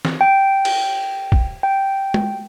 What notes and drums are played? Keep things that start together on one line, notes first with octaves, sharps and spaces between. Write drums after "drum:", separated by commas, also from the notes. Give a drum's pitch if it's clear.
drum: snare
G5
drum: cymbal
drum: kick
G5
drum: tom G#3